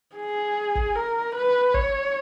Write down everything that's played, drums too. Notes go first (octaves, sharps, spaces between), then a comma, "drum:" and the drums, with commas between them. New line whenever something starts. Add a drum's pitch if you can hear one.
G#4
drum: kick G1
A#4
B4
C#5, drum: kick G1